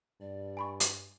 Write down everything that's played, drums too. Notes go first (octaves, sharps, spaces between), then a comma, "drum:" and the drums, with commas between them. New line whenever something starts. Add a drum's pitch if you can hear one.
G2 D5
G#5 B5 C#6
drum: hi-hat